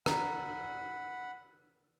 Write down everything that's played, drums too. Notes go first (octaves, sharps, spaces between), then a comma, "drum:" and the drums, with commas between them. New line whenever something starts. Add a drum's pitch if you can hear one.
F#5 A#5 B5, drum: rim click